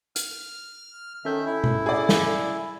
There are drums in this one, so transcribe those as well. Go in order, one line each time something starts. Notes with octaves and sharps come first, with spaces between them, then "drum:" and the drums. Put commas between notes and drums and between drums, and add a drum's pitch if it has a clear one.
F6, drum: hi-hat
D#3 C#4 A4 E5 G6
E4
drum: tom B2
G#4 D5
drum: snare